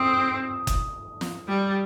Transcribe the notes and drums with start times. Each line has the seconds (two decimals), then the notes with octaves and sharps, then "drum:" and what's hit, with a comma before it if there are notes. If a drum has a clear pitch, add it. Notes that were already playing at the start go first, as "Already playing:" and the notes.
Already playing: C4 D#6
0.67 drum: kick F#1, hi-hat
1.21 drum: snare
1.48 G3